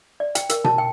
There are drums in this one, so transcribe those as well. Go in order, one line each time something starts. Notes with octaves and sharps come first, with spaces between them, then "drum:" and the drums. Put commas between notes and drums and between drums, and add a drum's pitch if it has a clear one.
D5
G5, drum: hi-hat
A#4, drum: hi-hat
A5, drum: tom B2
G5